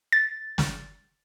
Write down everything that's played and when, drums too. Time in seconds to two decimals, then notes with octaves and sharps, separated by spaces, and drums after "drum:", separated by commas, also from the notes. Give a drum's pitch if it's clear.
0.12 A6
0.58 drum: snare